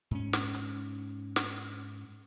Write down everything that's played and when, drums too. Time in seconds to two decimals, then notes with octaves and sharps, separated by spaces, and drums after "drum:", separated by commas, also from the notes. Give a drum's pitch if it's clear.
0.11 G#2 C#4
0.33 drum: snare
0.54 drum: hi-hat
1.36 drum: snare